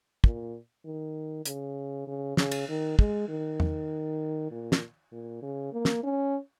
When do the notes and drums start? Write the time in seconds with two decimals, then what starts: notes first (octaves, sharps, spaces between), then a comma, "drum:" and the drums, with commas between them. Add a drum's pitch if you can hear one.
0.24 A#2, drum: kick
0.85 D#3
1.45 C#3, drum: hi-hat
2.07 C#3
2.37 C#3, drum: snare
2.52 drum: cymbal
2.69 D#3
2.99 G#3, drum: kick
3.29 D#3
3.60 drum: tom E2
4.51 A#2
4.72 drum: snare
5.12 A#2
5.42 C#3
5.73 A#3
5.85 drum: snare
6.04 C#4